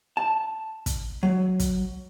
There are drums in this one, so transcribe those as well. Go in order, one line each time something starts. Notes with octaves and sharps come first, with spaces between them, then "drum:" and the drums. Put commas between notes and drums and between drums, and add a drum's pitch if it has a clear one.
A5
drum: kick, hi-hat
F#3
drum: kick, hi-hat